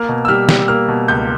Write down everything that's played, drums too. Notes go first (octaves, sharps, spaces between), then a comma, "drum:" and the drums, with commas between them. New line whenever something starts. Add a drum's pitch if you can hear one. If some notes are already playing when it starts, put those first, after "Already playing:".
Already playing: A#3 F6
B2
E6
G3 F6
G3, drum: snare
A#3 F6
B2
C#2 G6